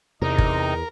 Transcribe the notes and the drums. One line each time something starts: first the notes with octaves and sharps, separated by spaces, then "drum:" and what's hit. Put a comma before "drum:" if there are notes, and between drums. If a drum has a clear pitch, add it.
E2 C3 D#4 A#4
drum: kick G1